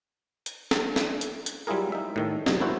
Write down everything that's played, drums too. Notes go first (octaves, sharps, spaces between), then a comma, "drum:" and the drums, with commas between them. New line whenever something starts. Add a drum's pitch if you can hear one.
drum: hi-hat
drum: snare
drum: snare
drum: hi-hat
drum: hi-hat
F#3 G3 E4 F4 G#4 A#4
D#4 E5
A2 D#3 A3
B1 E2 C3 F#3 D#5, drum: snare
A#3 C#4 E4 F#4 C5